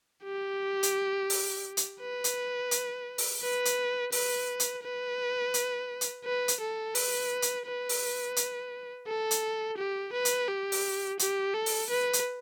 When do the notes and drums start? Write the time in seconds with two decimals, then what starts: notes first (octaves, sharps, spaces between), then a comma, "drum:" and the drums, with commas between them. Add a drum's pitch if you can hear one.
0.24 G4
0.83 drum: hi-hat
1.30 drum: open hi-hat
1.77 drum: hi-hat
2.00 B4
2.24 drum: hi-hat
2.71 drum: hi-hat
3.18 drum: open hi-hat
3.42 B4
3.65 drum: hi-hat
4.12 B4, drum: open hi-hat
4.60 drum: hi-hat
4.83 B4
5.54 drum: hi-hat
6.01 drum: hi-hat
6.24 B4
6.48 drum: hi-hat
6.60 A4
6.95 B4, drum: open hi-hat
7.42 drum: hi-hat
7.66 B4
7.89 drum: open hi-hat
8.36 drum: hi-hat
9.07 A4
9.31 drum: hi-hat
9.78 G4
10.13 B4
10.25 drum: hi-hat
10.48 G4
10.72 drum: open hi-hat
11.19 G4, drum: hi-hat
11.54 A4
11.66 drum: open hi-hat
11.90 B4
12.13 drum: hi-hat